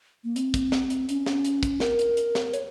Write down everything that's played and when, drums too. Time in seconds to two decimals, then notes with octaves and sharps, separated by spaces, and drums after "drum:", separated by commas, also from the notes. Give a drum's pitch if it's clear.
0.24 A#3
0.36 C4, drum: hi-hat
0.54 drum: kick, hi-hat
0.72 drum: snare
0.90 drum: hi-hat
1.09 C#4, drum: hi-hat
1.26 drum: snare
1.45 drum: hi-hat
1.63 drum: kick, hi-hat
1.80 A#4, drum: snare
1.99 drum: hi-hat
2.17 drum: hi-hat
2.35 drum: snare
2.53 C#5, drum: hi-hat